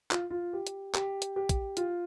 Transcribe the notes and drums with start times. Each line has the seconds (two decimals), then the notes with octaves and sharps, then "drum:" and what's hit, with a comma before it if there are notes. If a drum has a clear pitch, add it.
0.11 F4, drum: clap
0.30 F4
0.53 G4
0.67 drum: hi-hat
0.95 G4, drum: clap
1.22 drum: hi-hat
1.36 G4
1.49 drum: kick, hi-hat
1.77 F4, drum: hi-hat